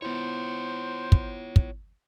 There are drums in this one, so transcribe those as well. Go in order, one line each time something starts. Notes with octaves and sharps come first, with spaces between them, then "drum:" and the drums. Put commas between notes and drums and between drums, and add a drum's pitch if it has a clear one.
B3 E4 F4 C5 C#5
drum: kick
drum: kick